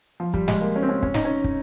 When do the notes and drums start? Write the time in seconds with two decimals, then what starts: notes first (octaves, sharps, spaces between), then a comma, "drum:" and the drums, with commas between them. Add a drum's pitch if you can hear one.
0.20 F3
0.34 G3, drum: kick
0.48 G#3, drum: snare
0.61 A#3
0.76 C#4
0.82 C4
0.89 C#4
1.03 C#4, drum: kick
1.14 D#4, drum: snare
1.25 C#4
1.44 drum: kick